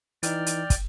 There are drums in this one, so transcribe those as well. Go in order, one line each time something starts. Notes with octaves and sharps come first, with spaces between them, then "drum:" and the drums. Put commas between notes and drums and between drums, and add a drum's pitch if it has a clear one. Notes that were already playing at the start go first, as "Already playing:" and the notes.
E3 D#4 D5 G5 F6, drum: hi-hat
drum: hi-hat
drum: kick, hi-hat